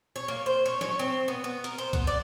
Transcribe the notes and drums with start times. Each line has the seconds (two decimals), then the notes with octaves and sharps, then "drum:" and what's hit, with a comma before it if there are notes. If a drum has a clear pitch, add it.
0.16 C#5
0.28 A#3
0.46 C5
0.66 C#5
0.81 C#5, drum: snare
0.99 C4
1.28 B3
1.44 B3
1.64 A#4, drum: hi-hat
1.78 C5
1.93 B3, drum: kick B1, hi-hat
2.07 D5